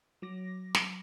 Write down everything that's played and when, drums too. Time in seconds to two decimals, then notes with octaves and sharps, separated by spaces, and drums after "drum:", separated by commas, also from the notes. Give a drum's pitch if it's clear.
0.22 F#3 D6 A#6
0.75 drum: snare